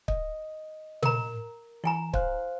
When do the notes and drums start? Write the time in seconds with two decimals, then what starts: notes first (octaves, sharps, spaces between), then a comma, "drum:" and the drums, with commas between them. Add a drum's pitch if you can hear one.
0.08 D#5, drum: kick
1.03 A#4 A#5, drum: tom A#2
1.84 E3 E4 G#5 A#5
2.14 C5 F5 F#6, drum: kick